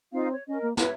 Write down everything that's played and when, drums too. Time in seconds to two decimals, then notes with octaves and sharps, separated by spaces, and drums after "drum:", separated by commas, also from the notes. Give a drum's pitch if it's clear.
0.13 C4 D#4 F4 F5
0.32 C#5
0.48 C#4 A#4 D#5
0.62 A#3
0.77 B4 C#5 E5, drum: snare